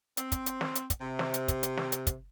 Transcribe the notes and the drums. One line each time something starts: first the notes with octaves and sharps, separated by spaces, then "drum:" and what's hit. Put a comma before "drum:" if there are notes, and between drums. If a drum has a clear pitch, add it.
C4, drum: hi-hat
drum: kick, hi-hat
drum: hi-hat
drum: snare
drum: hi-hat
drum: kick, hi-hat
C3
drum: snare
drum: hi-hat
drum: kick, hi-hat
drum: hi-hat
drum: snare
drum: hi-hat
drum: kick, hi-hat